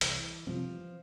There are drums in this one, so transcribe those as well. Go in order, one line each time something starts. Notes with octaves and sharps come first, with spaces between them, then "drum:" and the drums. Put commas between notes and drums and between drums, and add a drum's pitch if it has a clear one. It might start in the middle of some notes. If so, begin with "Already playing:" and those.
C2 E3, drum: hi-hat
C3 F3 G3 C4